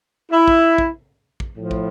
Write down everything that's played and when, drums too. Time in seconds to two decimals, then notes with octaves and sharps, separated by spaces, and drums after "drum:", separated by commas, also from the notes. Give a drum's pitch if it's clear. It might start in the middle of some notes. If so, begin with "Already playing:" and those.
0.32 E4
0.48 drum: kick
0.78 drum: kick
1.40 drum: kick
1.56 A2 F3
1.71 drum: kick